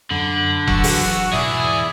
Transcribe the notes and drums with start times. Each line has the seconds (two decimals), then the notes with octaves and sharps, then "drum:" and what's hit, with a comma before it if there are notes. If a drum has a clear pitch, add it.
0.11 F#2 D3 B5
0.67 E3 F#3 F#4 A4 F#5 E6, drum: kick E1
0.84 drum: open hi-hat
1.33 E2 G#2 B2 E4 G#4 D5 E5